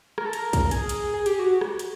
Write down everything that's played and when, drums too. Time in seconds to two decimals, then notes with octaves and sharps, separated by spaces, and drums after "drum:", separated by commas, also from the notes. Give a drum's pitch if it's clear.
0.18 A#4, drum: rim click
0.26 A4
0.33 A#4, drum: hi-hat
0.53 drum: kick, hi-hat
0.71 G#4, drum: hi-hat
0.89 drum: hi-hat
1.14 G#4
1.26 G4, drum: hi-hat
1.39 F#4
1.61 drum: rim click
1.79 drum: hi-hat